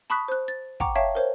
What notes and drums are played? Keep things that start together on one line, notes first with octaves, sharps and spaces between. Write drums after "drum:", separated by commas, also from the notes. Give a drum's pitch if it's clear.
A5 B5 C#6 D#6 F#6 B6
C5 F#6
A6
F#5 G5 A#5 C#6 D6, drum: kick
C#5 E5 F5 G5 A5 C#6
A#4 C5 C#5